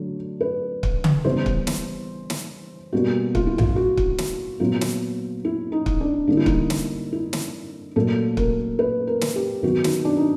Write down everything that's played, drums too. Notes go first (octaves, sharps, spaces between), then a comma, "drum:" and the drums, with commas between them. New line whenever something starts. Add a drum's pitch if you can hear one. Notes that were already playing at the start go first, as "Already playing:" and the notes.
Already playing: D3 F#3 A3
B4
drum: kick
drum: tom C#3
C#3 E3 G3 B3 C5
drum: kick
drum: snare
drum: snare
B2 G3 A#3 F#4
F4, drum: kick
E4
F4, drum: tom A#1
F#4
drum: kick
drum: snare
A#2 F#3 B3 F4
drum: snare
E4
D#4
drum: kick
D4
D3 G3 A#3 D#4
E4
D#4, drum: kick
drum: snare
E4
drum: snare
A#2 F#3 A3 A4
A#4, drum: kick
B4
A#4
drum: snare
G4
D#3 F#3 B3 F#4
D#4, drum: snare
D4
D#4